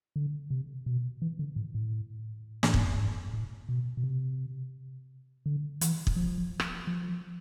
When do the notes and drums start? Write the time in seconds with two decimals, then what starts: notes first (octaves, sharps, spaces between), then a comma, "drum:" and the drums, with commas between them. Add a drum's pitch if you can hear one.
0.16 D3
0.50 C3
0.86 B2
1.22 E3
1.39 D3
1.56 A2
1.75 A2
2.63 A2, drum: snare
2.74 G#2, drum: kick
2.84 F2
2.95 G#2
3.33 A2
3.69 B2
3.97 B2
4.04 C3
5.46 D3
5.81 E3, drum: hi-hat
6.07 drum: kick
6.16 F3
6.60 drum: rim click
6.87 F3